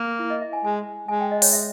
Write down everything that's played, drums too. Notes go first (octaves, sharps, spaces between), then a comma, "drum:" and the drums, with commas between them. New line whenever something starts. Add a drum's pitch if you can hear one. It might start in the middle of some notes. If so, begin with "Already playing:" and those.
Already playing: A#3
E4
D#5
E5
G#5
G#3 G#5
G#3 G#5
G5
D#5
C#5, drum: open hi-hat
E5